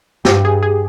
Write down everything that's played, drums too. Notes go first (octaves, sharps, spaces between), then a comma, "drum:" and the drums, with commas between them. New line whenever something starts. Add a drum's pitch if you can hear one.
G2 G4, drum: snare
G#4
G#4